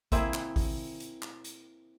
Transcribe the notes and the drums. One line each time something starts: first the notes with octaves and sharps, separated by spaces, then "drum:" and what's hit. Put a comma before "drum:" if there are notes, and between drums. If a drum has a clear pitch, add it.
A#3 C4 E4 G#4, drum: kick, hi-hat
drum: clap
drum: kick, open hi-hat
drum: hi-hat
drum: clap
drum: hi-hat